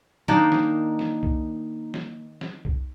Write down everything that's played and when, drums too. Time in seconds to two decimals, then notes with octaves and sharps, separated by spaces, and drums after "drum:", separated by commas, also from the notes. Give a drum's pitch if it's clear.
0.28 D#3 A#3 D4 D#4
0.52 drum: snare
0.99 drum: snare
1.23 drum: kick C2
1.94 drum: snare
2.41 drum: snare
2.65 drum: kick C2